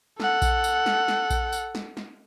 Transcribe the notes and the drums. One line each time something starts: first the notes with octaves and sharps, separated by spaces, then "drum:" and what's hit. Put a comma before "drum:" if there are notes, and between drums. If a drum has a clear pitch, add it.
A4 F#5, drum: snare
drum: kick A#1, tambourine
drum: tambourine
drum: snare
drum: snare
drum: kick A#1, tambourine
drum: tambourine
drum: snare
drum: snare